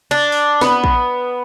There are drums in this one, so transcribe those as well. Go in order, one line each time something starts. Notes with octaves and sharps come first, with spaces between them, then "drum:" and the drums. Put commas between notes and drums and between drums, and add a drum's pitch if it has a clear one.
D4
drum: open hi-hat
B3, drum: snare
drum: kick